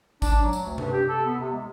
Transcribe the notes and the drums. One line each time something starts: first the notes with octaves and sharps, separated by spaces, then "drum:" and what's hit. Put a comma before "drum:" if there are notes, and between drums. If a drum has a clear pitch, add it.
D4, drum: kick G#1, tambourine
F#3
drum: tambourine
D2
G2, drum: tom C3
G4
A4
B3
C3
G#3